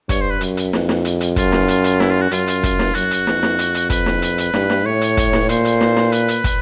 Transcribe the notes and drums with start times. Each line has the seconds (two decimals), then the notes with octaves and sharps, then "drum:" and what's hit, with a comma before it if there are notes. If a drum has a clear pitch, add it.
0.09 G2 C#5, drum: kick, hi-hat
0.21 C5
0.30 B4
0.41 F#2, drum: hi-hat
0.57 drum: hi-hat
0.73 F2, drum: snare
0.89 drum: snare
1.05 drum: hi-hat
1.21 drum: hi-hat
1.36 F#2 F4, drum: kick, hi-hat
1.52 drum: snare
1.68 drum: hi-hat
1.84 drum: hi-hat
2.00 E4, drum: snare
2.10 F4
2.21 F#4
2.31 F#2 F4, drum: hi-hat
2.48 drum: hi-hat
2.63 drum: kick, hi-hat
2.79 drum: snare
2.95 F#2 F#4, drum: hi-hat
3.11 drum: hi-hat
3.27 F2, drum: snare
3.43 drum: snare
3.59 drum: hi-hat
3.74 drum: hi-hat
3.90 B4, drum: kick, hi-hat
4.06 drum: snare
4.22 drum: hi-hat
4.38 drum: hi-hat
4.54 G2, drum: snare
4.70 drum: snare
4.85 A2 C#5
5.01 drum: hi-hat
5.17 drum: kick, hi-hat
5.33 drum: snare
5.49 A#2 C5, drum: hi-hat
5.65 drum: hi-hat
5.81 drum: snare
5.97 drum: snare
6.12 B4, drum: hi-hat
6.28 drum: hi-hat
6.44 drum: kick, hi-hat